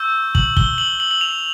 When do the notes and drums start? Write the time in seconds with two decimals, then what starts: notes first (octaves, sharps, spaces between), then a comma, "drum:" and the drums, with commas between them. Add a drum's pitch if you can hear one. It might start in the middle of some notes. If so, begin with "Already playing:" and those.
Already playing: C#6 E6 G6
0.35 F#7, drum: kick
0.57 G7, drum: kick
0.78 F#7
1.00 F#7
1.11 F#7
1.21 F7